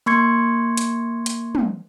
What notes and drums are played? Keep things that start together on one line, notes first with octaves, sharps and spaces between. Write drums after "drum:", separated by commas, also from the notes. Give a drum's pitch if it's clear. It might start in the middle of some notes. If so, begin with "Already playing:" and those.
A#3 C6 C#6 G#6 C#7
drum: hi-hat
drum: hi-hat
drum: tom